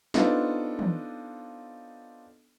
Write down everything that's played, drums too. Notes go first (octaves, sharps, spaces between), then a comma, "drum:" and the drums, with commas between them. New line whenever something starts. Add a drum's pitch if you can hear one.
B3 C4 D4 D#4 F4 A4, drum: snare
drum: tom